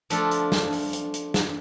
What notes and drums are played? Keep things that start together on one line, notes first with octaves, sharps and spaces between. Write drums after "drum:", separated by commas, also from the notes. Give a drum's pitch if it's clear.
F3 A3 D4 F4 A4, drum: hi-hat
drum: hi-hat
drum: snare
drum: open hi-hat
drum: hi-hat
drum: hi-hat
drum: snare